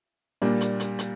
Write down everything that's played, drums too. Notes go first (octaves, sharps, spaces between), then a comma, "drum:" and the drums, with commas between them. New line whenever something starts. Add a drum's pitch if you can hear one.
A#2 G3 A#3 D4
drum: hi-hat
drum: hi-hat
drum: hi-hat